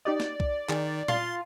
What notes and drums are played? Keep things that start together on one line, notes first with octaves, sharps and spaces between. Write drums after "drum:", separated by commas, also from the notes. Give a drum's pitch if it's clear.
D#4 G4 D5 D#5
drum: snare
drum: kick C2
D#3 D#4 G#4, drum: clap
F4 A5 C6, drum: tom A#2